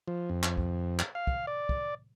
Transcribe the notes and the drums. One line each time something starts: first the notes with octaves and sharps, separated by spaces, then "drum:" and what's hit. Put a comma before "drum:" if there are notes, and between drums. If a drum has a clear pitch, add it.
F3
F2
drum: clap
drum: kick
drum: clap
F5
drum: kick
D5
drum: kick